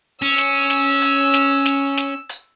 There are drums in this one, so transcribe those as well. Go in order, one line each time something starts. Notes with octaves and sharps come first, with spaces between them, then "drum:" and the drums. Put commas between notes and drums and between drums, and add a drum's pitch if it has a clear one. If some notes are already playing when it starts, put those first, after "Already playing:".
C#4 E6
drum: snare
drum: snare
drum: hi-hat
drum: snare
drum: snare
drum: snare
drum: hi-hat